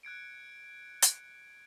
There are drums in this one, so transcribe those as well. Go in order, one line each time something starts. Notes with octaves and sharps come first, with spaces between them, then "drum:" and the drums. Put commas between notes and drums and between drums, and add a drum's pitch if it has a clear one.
F#6 G#6 C#7 D7
drum: hi-hat